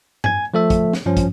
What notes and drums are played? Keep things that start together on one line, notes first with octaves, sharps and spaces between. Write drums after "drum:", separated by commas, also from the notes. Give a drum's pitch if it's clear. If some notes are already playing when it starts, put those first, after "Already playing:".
G#5 G#6, drum: tom G2
F3 A3 A4 E5
drum: kick, hi-hat
drum: snare
G2 F3 C#4
drum: kick, hi-hat